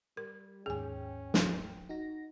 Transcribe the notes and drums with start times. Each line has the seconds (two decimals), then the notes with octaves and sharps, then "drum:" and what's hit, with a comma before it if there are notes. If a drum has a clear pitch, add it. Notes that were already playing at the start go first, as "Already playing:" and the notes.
0.17 G3 A#4
0.66 D#2 G#2 C#4 G#4 G5 G#5
1.34 drum: snare
1.89 D#4 F#4 A#6